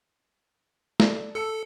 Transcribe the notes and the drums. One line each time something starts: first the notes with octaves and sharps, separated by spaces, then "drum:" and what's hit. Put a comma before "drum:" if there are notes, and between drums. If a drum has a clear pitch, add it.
A4 D5, drum: snare
A4 A5 E6 C#7